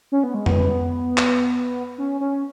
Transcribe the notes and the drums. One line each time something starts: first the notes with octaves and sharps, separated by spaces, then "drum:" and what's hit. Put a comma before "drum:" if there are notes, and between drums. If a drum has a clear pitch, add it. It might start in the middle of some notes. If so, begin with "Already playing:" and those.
C#4
B3
G#3
B3, drum: tom F2
drum: clap
C#4
C#4